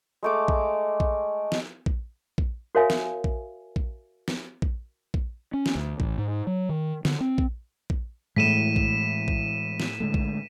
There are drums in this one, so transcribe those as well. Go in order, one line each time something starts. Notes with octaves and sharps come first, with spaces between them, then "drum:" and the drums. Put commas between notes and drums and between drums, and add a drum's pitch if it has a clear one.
G#3 A3 D6
drum: kick A#1
drum: kick A#1
drum: snare
drum: kick A#1
drum: kick A#1
F#4 A#4 C#5 E5 F5 G#5
drum: snare
drum: kick A#1
drum: kick A#1
drum: snare
drum: kick A#1
drum: kick A#1
C#4
drum: snare
D2
A1, drum: kick A#1
G#2
F#3
D#3
D3, drum: snare
C4
drum: kick A#1
drum: kick A#1
A2 E3 G#3 B6 D#7 E7
drum: kick A#1
drum: kick A#1
drum: snare
D3 G#3 A3
drum: kick A#1